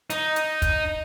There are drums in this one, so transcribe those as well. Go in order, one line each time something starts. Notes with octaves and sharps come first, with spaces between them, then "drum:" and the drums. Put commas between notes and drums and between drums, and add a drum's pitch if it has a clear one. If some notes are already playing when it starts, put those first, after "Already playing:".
D#4, drum: hi-hat
drum: hi-hat
drum: kick, hi-hat